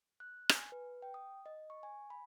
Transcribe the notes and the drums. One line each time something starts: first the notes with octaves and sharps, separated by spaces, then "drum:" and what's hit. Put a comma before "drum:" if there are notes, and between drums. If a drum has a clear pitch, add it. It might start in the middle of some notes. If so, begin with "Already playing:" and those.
F#6
G#5, drum: rim click
B4
G5
D#6
D#5
C#6
G#5
B5